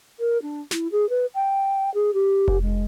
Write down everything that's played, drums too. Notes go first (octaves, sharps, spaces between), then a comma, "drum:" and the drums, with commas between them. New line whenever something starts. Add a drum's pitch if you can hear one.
A#4
D4
E4, drum: snare
G#4
B4
G5
G#4
G4
drum: kick F1
G#3